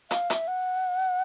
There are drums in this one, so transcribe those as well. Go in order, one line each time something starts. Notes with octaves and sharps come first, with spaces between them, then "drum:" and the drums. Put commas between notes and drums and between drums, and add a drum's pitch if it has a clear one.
F5, drum: hi-hat
E5, drum: hi-hat
F#5